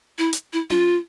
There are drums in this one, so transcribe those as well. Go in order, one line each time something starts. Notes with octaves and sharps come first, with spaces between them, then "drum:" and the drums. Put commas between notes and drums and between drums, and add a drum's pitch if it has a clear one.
E4
drum: hi-hat
E4
F4, drum: tom C#4